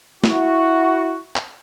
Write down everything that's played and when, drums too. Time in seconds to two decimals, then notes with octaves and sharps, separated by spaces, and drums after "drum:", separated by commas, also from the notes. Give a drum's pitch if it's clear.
0.24 E4 F#4, drum: snare
1.36 drum: clap